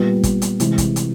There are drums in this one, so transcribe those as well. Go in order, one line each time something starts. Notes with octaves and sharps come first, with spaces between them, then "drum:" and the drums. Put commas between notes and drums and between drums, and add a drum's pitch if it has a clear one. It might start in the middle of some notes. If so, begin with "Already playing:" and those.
Already playing: A#2 G3 B3
drum: kick, hi-hat
drum: hi-hat
C3 E3 G#3, drum: hi-hat
drum: kick, hi-hat
drum: hi-hat